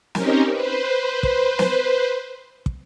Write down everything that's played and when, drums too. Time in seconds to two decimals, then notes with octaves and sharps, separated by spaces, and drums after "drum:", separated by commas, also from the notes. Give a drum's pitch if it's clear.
0.15 C4 C#4 D#4 G4 A#4, drum: snare
0.52 B4 C5
1.23 drum: kick
1.59 drum: snare
2.66 drum: kick